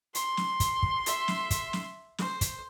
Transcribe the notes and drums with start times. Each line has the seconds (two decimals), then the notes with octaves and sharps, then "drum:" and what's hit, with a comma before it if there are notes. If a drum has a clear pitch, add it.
0.15 C6, drum: hi-hat
0.37 drum: snare
0.60 drum: kick, hi-hat
0.83 drum: kick
1.06 E5, drum: hi-hat
1.28 drum: snare
1.50 drum: kick, hi-hat
1.73 drum: snare
2.18 C5, drum: snare
2.41 drum: kick, hi-hat